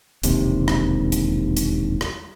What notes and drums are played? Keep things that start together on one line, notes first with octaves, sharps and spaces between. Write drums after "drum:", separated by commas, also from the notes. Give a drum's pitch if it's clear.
E1 A#1 D#2 C3, drum: hi-hat
drum: rim click
drum: hi-hat
drum: hi-hat
drum: rim click